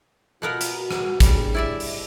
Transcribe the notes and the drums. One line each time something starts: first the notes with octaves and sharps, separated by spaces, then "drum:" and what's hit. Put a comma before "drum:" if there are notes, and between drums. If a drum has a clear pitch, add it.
B2 B3 F4 A#4
drum: hi-hat
F#4
drum: rim click
A2 G3 D4 G#4, drum: kick G#1, hi-hat
E4 D5 E5
drum: open hi-hat